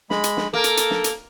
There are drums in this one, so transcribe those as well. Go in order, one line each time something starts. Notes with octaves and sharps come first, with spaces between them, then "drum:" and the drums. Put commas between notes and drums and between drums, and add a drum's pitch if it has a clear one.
G#3 B5, drum: snare
drum: hi-hat
drum: snare
A#3 A4 A#4
drum: hi-hat
drum: hi-hat
drum: snare
drum: hi-hat